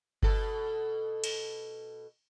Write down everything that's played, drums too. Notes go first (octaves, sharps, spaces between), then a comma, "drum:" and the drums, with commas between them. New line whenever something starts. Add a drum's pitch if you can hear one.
B2 A4, drum: kick G1
drum: cymbal